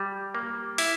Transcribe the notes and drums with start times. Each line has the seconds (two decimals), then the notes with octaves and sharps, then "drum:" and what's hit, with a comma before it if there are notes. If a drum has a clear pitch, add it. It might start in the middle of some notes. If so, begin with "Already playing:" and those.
Already playing: G3
0.35 A#3
0.78 E4, drum: open hi-hat